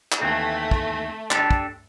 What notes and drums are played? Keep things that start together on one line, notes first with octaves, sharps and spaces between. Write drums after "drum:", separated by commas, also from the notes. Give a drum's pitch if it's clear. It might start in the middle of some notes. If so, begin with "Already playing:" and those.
drum: clap
D#2 E3 A3 C4
drum: kick
D4 G4 A4, drum: clap
drum: kick